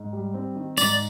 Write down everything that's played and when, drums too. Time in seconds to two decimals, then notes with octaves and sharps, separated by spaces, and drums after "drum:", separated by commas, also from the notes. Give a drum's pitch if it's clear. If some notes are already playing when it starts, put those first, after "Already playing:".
Already playing: G#2
0.13 G3
0.34 C4
0.55 D#3
0.77 G#2 D5, drum: tambourine